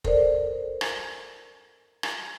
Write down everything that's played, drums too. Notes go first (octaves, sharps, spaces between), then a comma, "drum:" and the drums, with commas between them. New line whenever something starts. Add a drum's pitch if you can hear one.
A4 A#4 C5 D5, drum: kick F1
drum: rim click
drum: rim click